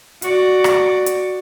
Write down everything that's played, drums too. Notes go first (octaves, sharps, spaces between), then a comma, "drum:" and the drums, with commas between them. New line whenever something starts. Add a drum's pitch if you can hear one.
F#4 D5, drum: hi-hat
drum: rim click
drum: hi-hat